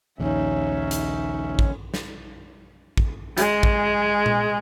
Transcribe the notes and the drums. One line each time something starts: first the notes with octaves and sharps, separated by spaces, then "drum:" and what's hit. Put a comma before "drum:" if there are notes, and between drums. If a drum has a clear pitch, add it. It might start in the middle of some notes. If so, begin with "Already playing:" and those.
A#1 D#2 C#4 D#4 E5
drum: hi-hat
drum: kick
drum: snare
drum: kick
G#3, drum: hi-hat
drum: kick
drum: tom A#2